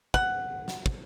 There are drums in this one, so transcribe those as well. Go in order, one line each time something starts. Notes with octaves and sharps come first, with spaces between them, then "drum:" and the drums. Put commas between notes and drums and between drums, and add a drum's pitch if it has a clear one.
F#5, drum: kick
drum: snare
drum: kick